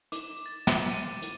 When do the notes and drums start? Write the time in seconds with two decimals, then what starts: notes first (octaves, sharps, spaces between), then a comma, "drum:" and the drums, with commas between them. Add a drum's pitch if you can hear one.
0.12 D6, drum: hi-hat
0.46 A6
0.67 drum: snare
0.92 D#7
1.22 drum: hi-hat